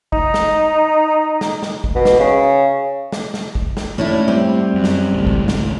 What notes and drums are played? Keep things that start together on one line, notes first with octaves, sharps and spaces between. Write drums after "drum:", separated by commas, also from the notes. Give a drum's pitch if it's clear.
D#4, drum: kick
drum: snare
drum: snare
drum: snare
drum: kick
B2
drum: snare
C#3
drum: snare
drum: snare
drum: kick
drum: snare
A2 C#4 D4 E4
G3 C4
F#2
drum: snare
G#1 C#2 A2
drum: kick
drum: snare